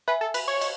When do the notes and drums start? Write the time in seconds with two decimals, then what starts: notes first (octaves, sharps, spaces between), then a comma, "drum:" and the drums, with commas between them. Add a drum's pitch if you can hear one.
0.08 B4 E5 G#5
0.21 A4
0.34 B4, drum: cymbal
0.48 C#5
0.61 D#5, drum: cymbal